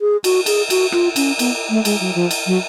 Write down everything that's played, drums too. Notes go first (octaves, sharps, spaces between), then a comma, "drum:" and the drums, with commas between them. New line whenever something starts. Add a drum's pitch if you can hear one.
G#4
F#4, drum: cymbal
G#4, drum: cymbal
F#4, drum: cymbal
F4, drum: rim click
C#4, drum: cymbal
B3, drum: cymbal
A3
G#3, drum: cymbal
F#3
F3
drum: cymbal
F#3